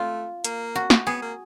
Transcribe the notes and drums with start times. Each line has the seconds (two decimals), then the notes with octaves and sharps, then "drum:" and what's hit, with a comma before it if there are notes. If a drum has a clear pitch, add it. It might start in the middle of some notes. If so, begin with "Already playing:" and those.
Already playing: A3 F4
0.45 A#3, drum: hi-hat
0.75 F#4
0.90 drum: snare
1.06 B3 G#4
1.22 A#3